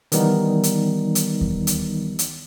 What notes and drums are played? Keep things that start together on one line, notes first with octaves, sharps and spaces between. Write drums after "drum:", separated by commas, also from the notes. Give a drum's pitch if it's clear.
D#3 E3 G3 B3 D#4, drum: hi-hat
drum: hi-hat
drum: hi-hat
drum: kick D#2
drum: hi-hat
drum: hi-hat